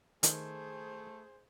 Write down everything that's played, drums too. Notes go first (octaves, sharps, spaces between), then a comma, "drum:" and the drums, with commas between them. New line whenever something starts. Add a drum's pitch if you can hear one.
D#3 A3 G#4 C5, drum: hi-hat